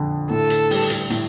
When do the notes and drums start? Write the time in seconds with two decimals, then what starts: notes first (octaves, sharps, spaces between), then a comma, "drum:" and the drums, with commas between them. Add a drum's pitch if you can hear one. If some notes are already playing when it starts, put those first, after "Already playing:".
Already playing: F2 D3
0.30 A2 A4
0.50 drum: hi-hat
0.70 G3, drum: open hi-hat
0.90 drum: hi-hat
1.10 A2, drum: hi-hat